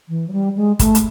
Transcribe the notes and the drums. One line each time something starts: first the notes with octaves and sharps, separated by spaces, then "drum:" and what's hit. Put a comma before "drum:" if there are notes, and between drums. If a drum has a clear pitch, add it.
E3
F#3
G3
G#3
A3, drum: kick, hi-hat
drum: hi-hat